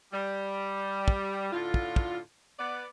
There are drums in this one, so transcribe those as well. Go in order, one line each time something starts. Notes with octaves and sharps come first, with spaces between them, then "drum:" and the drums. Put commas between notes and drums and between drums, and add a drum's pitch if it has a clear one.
G3
drum: kick
A2 D3 F4
drum: kick
drum: kick
B3 D5